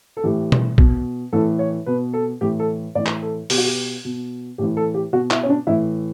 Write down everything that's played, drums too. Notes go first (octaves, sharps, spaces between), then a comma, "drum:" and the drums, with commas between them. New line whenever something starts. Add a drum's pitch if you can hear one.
A4
A2 E3 G4
drum: tom B2
B2, drum: kick A#1
A2 E3 A4
C#5
B2 B4
A4
A2 E3 G4
A4
A2 E3 D5
drum: clap
A4
B2 G4, drum: open hi-hat
F#4
G4
B2
A2 E3 G4
A4
G4
B2 F#4
E4, drum: clap
C#4
D4
A2 E3 E4